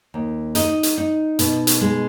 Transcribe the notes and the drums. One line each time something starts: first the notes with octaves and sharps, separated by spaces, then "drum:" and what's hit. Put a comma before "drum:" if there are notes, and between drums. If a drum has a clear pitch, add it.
D#2
D#4 D#5, drum: hi-hat
drum: hi-hat
D#4
B2, drum: hi-hat
drum: hi-hat
G#3